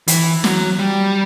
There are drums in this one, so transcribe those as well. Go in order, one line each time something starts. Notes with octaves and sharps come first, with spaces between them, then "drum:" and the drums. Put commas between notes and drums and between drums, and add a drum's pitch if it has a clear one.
E3, drum: hi-hat
F#3, drum: snare
G3